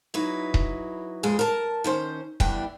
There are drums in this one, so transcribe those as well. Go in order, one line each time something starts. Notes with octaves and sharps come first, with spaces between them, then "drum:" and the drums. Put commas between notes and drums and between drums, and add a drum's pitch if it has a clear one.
F#3 D#4 E4 B4
drum: kick D#1
F2 G#3 G#4
A#4 A5
D#3 C#4 C5
E2 E3 G3 D4 G5, drum: kick D#1